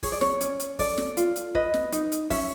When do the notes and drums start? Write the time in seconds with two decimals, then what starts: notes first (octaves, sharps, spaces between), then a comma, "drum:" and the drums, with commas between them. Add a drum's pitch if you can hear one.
0.03 G#4 C#5, drum: kick, open hi-hat
0.12 D5
0.21 C#5, drum: snare
0.41 C#4, drum: hi-hat
0.60 drum: hi-hat
0.79 A4 D5, drum: kick, open hi-hat
0.98 drum: snare
1.17 F4, drum: hi-hat
1.36 drum: hi-hat
1.55 B4 D#5, drum: kick
1.74 drum: snare
1.92 D#4, drum: hi-hat
2.12 drum: hi-hat
2.30 C#4 E5, drum: kick, open hi-hat